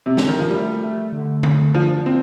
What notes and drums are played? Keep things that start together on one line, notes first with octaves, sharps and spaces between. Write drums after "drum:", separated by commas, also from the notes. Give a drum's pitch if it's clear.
C3
D3, drum: snare
D#3
F3
G3 A3
A3
D3
A3, drum: tom D3
F3 D4
A#3 C4